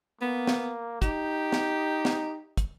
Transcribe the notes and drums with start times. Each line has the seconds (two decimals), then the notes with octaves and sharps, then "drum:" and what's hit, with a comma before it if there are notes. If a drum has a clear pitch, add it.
0.21 A#3 B3
0.47 drum: snare
1.02 D#4 G4, drum: kick, hi-hat
1.52 drum: snare
2.05 drum: snare
2.57 drum: kick, hi-hat